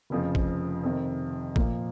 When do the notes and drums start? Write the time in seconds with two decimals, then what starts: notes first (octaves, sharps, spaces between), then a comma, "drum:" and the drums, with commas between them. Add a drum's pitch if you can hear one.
0.10 F1 F2 C#3 F3
0.35 drum: kick
0.83 F2 C3 D#3
1.56 A#2 F3 A#3, drum: kick